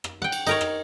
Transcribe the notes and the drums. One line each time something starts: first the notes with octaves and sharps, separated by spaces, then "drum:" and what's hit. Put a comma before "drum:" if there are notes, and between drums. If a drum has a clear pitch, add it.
drum: rim click
F#5 G5
drum: cymbal
D#4 A#4 C#5, drum: cymbal
drum: rim click